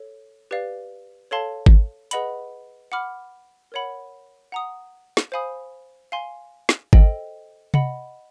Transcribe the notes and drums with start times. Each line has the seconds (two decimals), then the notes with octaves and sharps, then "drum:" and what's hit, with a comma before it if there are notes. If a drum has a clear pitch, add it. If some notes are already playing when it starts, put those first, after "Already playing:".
Already playing: A4 C#5
0.51 G4 B4 D5 F5
1.31 A4 C#5 F5 A5 C6
1.66 drum: kick G#1
2.11 G#4 B4 D#5 F#5 B5, drum: hi-hat
2.92 F#5 B5 D6 F6
3.72 A#4 C#5 F#5 B5
4.52 F#5 A#5 D#6
5.17 drum: snare
5.32 C5 F5 G#5 B5 D#6
6.12 F5 G#5 C6
6.69 drum: snare
6.93 A4 C5 D#5 G5, drum: kick G#1
7.74 D#5 F#5 B5, drum: tom C3